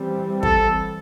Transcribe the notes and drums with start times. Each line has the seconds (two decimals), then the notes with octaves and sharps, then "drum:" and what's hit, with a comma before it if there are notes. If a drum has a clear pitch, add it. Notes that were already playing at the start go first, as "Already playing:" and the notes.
Already playing: E3 G3 C4
0.43 A4, drum: kick